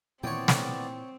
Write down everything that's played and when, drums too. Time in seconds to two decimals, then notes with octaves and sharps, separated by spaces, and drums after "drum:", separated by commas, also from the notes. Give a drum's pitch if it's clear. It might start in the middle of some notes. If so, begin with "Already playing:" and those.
0.23 A#2 E3 B3 C4 C#5 D5 G5
0.48 drum: snare